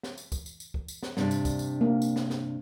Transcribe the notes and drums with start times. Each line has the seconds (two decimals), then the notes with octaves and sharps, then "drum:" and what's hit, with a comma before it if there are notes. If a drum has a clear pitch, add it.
0.03 drum: snare
0.18 drum: tambourine
0.32 drum: kick C#2, tambourine
0.46 drum: tambourine
0.60 drum: tambourine
0.74 drum: kick C#2
0.88 drum: tambourine
1.03 drum: snare
1.17 G2 C3 D4, drum: snare
1.31 drum: tambourine
1.45 drum: kick C#2, tambourine
1.59 drum: tambourine
1.81 A#3
2.02 drum: tambourine
2.16 drum: snare
2.30 drum: snare